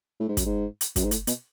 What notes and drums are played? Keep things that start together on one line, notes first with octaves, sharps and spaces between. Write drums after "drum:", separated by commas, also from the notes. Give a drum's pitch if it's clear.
A2
G#2
F#2, drum: kick, hi-hat
G#2
drum: hi-hat
F#2, drum: kick, hi-hat
G#2
A2, drum: hi-hat
B2, drum: hi-hat